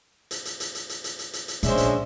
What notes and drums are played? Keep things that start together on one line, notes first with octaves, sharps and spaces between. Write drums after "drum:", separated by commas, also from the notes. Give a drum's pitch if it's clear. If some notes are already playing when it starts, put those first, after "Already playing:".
drum: hi-hat
drum: hi-hat
drum: hi-hat
drum: hi-hat
drum: hi-hat
drum: hi-hat
drum: hi-hat
drum: hi-hat
drum: hi-hat
A#1 G#3 C#4 D4 C5 E5, drum: hi-hat
drum: hi-hat